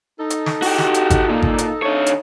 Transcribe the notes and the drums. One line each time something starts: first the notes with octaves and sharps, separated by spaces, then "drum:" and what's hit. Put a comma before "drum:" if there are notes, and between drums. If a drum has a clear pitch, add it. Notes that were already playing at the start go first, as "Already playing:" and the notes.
D#4 A4
drum: hi-hat
drum: snare
F#4 G4, drum: open hi-hat
drum: snare
drum: hi-hat
drum: kick G#1, hi-hat
A#2
drum: kick G#1
drum: hi-hat
D3 C#5
drum: hi-hat